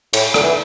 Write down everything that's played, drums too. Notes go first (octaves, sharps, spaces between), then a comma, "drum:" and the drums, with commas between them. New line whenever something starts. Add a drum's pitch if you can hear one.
A2, drum: cymbal
D3, drum: rim click
E3